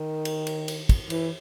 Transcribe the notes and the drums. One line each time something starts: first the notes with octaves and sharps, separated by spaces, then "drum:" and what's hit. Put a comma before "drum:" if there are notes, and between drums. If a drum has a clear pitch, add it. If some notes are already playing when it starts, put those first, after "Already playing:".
Already playing: D#3
drum: cymbal
drum: cymbal
drum: cymbal
drum: kick, cymbal
E3, drum: cymbal